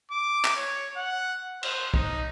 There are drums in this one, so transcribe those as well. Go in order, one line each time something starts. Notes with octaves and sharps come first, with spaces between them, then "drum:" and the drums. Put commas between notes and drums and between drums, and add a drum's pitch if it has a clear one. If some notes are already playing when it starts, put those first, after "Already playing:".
D6
drum: clap
C#5
F#5
C5, drum: cymbal
D#4, drum: kick